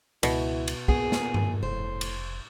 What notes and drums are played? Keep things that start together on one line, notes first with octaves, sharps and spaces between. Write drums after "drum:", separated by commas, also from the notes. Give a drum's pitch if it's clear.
C#2 B2 E4, drum: cymbal
drum: cymbal
A#2 B3 G#4, drum: kick
drum: snare
drum: tom G2
F1 A2 C5
drum: cymbal